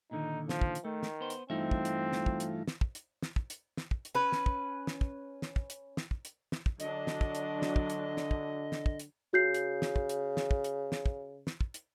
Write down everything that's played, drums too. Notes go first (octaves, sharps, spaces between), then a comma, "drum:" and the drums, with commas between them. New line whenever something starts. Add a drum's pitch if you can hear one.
A#2 D3 D#3 D#4
F3, drum: snare
drum: kick
drum: hi-hat
D#3 A3
drum: snare
B3 C5
drum: hi-hat
G2 E3 A3 C4 D#4 F4 E5
drum: kick
drum: hi-hat
drum: snare
drum: kick
drum: hi-hat
drum: snare
drum: kick
drum: hi-hat
drum: snare
drum: kick
drum: hi-hat
drum: snare
drum: kick
drum: hi-hat
C#4 B4
drum: snare
drum: kick
drum: snare
drum: kick
drum: snare
drum: kick
drum: hi-hat
drum: snare
drum: kick
drum: hi-hat
drum: snare
drum: kick
D3 F#3 D4 D#5, drum: hi-hat
drum: snare
drum: kick
drum: hi-hat
drum: snare
drum: kick
drum: hi-hat
drum: snare
drum: kick
drum: snare
drum: kick
drum: hi-hat
C#3 F#4 G6 C7
drum: hi-hat
drum: snare
drum: kick
drum: hi-hat
drum: snare
drum: kick
drum: hi-hat
drum: snare
drum: kick
drum: snare
drum: kick
drum: hi-hat